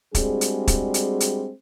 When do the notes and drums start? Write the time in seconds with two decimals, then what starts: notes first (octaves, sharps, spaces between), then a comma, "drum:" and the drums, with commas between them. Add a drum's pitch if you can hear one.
0.15 G3 G#3 C4 D4 F#4 G#4, drum: kick, hi-hat
0.41 drum: hi-hat
0.68 drum: kick, hi-hat
0.94 drum: hi-hat
1.20 drum: hi-hat